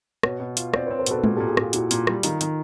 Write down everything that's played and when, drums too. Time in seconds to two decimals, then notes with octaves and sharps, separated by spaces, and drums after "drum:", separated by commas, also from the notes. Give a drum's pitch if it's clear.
0.23 B2 B4 C#5, drum: rim click
0.40 B2
0.57 F4, drum: hi-hat
0.74 C4 C5 D5, drum: rim click
0.86 C4 B4 C#5
0.98 A#4 C5
1.06 B2 A4 B4, drum: hi-hat
1.24 A#2, drum: tom G#3
1.36 A#2 G4 A4
1.49 F#4 G#4
1.57 A#2 F4 G4, drum: rim click
1.73 A#2 E4 F#4, drum: hi-hat
1.91 A#2, drum: hi-hat
2.07 G3, drum: rim click
2.23 D#3 D#4 F4, drum: hi-hat
2.41 D#3, drum: hi-hat